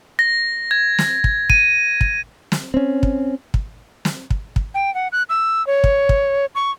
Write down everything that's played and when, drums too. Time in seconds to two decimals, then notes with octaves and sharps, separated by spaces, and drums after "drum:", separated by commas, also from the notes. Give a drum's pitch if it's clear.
0.19 A#6
0.71 G#6
0.99 drum: snare
1.24 drum: kick
1.50 D#7, drum: kick
2.01 drum: kick
2.52 drum: snare
2.74 C4 C#4
3.03 drum: kick
3.54 drum: kick
4.05 drum: snare
4.30 drum: kick
4.56 drum: kick
4.74 G5
4.95 F#5
5.12 F#6
5.29 E6
5.67 C#5
5.84 drum: kick
6.09 drum: kick
6.55 C#6